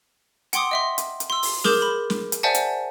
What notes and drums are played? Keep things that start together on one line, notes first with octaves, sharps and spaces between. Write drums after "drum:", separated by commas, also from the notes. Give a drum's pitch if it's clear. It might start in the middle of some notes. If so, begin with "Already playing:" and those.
F#5 G5 C6 D6 D#6, drum: hi-hat
D#5 E5 C6
drum: hi-hat
drum: hi-hat
C6 E6
drum: open hi-hat
G#4 A#4 D6 G6 E7 G7, drum: snare
B5
drum: snare
drum: hi-hat
C5 D5 E5 F#5 G#5 A5
drum: hi-hat